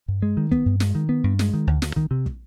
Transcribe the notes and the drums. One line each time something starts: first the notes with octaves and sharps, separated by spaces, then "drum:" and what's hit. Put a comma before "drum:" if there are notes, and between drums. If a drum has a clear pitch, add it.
G2
G#3
D#3
B3, drum: kick
G2
G#3, drum: snare
D#3
B3
G2
G#3, drum: snare
D#3
D2
D2, drum: snare
D#3, drum: kick
C3
drum: kick